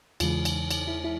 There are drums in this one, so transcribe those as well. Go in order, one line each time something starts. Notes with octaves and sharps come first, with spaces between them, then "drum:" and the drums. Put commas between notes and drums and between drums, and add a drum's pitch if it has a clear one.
E2 C#3 E3 G#3 F4, drum: cymbal
drum: cymbal
drum: cymbal
E4
E4